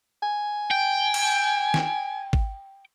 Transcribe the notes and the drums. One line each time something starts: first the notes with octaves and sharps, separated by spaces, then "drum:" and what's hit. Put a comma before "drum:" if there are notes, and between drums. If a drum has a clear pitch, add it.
G#5
G5
drum: cymbal
drum: snare
drum: kick G#1